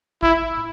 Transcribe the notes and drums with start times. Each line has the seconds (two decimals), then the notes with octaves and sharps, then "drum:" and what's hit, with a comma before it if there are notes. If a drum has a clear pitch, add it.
0.23 E4, drum: kick
0.57 drum: tom